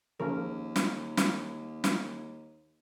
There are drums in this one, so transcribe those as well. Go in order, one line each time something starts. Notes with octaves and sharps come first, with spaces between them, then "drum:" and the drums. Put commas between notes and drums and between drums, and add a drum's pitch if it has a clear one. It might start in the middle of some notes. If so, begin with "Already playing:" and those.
D#2 C#3 F3 A#4
drum: snare
drum: snare
drum: snare